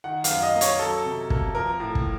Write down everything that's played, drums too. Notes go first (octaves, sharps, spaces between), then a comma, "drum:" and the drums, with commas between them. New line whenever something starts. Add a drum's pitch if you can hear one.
D#3 F#5
F5, drum: hi-hat
F#2
D#5
A#3
C#5, drum: hi-hat
F#3 A4
C3
A#3, drum: kick
F3 A#4
A2
drum: kick